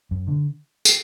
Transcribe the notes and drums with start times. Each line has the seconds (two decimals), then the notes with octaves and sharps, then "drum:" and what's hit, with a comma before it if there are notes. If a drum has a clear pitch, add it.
0.11 F#2
0.28 D3
0.85 drum: tambourine